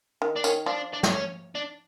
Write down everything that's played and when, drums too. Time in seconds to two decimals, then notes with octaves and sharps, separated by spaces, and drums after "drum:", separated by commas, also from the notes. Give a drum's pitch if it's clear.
0.22 D#3
0.36 D4
0.44 D#3 C#4, drum: tambourine
0.66 F3 D4
0.93 D4
1.03 D4, drum: snare
1.10 C#4
1.55 D4